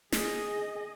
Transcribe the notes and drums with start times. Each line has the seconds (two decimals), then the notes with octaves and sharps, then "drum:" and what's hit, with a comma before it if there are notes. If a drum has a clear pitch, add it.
0.12 G#4 D#5, drum: snare